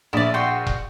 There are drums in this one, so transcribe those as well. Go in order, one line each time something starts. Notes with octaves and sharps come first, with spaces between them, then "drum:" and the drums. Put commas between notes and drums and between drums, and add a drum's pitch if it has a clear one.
A#1 E4 D5
F#4 G5 C6
drum: kick E1